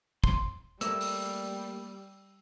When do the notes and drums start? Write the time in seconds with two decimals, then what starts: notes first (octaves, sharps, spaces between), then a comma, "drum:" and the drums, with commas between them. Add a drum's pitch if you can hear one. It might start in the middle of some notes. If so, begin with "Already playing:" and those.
0.24 C6, drum: kick
0.81 G3 A3 A#3 E6, drum: hi-hat
1.01 drum: open hi-hat